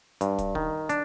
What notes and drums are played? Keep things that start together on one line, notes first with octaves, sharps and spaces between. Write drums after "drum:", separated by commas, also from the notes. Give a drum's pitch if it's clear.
G2, drum: hi-hat
drum: kick, hi-hat
D#3, drum: kick
D4, drum: hi-hat